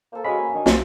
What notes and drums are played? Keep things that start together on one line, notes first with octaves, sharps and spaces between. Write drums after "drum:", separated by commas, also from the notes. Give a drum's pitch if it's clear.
A#3 A4 C5
G#3 C#4 F#4 F5 G#5 B5 B6
A#3
D#3 D4
B1 F3 E4 F4, drum: snare